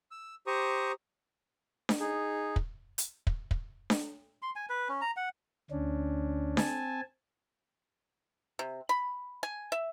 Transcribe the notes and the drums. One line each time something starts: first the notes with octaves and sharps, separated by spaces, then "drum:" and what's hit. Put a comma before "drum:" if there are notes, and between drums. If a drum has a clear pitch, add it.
E6
G4 C5 A#5 C#6 D#6
drum: snare D4
D#4 G#4
drum: kick
drum: hi-hat
drum: kick
drum: kick
drum: snare D4
C6
G#5
B4
C#4
A#5
F#5
D2 C#4 D4
C4 G#5 A5, drum: snare D4
C3
B5
G#5
E5